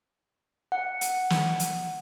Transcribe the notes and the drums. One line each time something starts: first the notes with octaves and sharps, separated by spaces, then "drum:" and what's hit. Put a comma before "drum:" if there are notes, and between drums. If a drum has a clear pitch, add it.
F#5
drum: hi-hat
drum: snare
drum: hi-hat